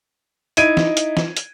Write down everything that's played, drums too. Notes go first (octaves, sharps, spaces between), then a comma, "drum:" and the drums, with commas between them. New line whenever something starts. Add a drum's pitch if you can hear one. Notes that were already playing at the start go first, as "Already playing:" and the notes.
D#4 E4 G#6 D7 D#7, drum: hi-hat
drum: snare
drum: hi-hat
drum: snare
drum: hi-hat